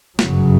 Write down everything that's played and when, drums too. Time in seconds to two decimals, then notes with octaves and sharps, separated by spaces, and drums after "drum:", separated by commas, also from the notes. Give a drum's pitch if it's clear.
0.19 G1 F#2 C#3 F#3, drum: snare